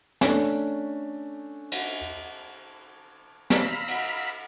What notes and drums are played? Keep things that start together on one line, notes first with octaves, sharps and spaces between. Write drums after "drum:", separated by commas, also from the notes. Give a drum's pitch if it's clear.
A3 C#4 D4, drum: snare
drum: cymbal
F5 A#5 B5 E6, drum: snare
drum: cymbal